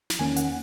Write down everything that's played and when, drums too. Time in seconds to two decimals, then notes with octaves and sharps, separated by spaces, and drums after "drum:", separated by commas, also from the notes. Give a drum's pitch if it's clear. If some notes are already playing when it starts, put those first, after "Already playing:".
0.10 drum: snare
0.19 E2 D#3 A#3 C#4 G#5
0.36 F#5, drum: hi-hat